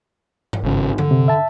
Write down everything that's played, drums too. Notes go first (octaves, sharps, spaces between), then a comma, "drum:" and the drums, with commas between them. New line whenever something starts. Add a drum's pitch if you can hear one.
drum: tom G2
G#1 C#3
D3, drum: tom
C3
E5 A5